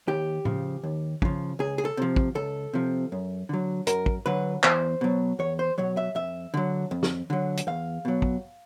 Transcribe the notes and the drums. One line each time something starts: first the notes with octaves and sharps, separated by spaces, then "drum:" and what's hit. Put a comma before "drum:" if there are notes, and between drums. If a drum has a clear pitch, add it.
D#2 G4
C#3 F3, drum: tom A2
D#2
C#3 F3, drum: kick
C#2 G#4
G#4
A4
C3 F3
drum: kick
C#2 A4
C3 F3
F#2
D3 F#3
F#2 A#4, drum: hi-hat
drum: kick
D3 F#3 B4
E2 C5, drum: clap
B2 F#3
E2 C#5
C5
B2 F#3 C#5
E5
F2 E5
D3 F#3
F2
drum: snare
D3 F#3
drum: hi-hat
E2 F5
B2 F#3
drum: kick